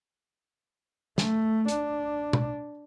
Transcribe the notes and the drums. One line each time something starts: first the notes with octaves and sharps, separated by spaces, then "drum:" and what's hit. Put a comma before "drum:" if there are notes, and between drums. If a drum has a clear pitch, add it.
A3, drum: snare
D4, drum: hi-hat
drum: tom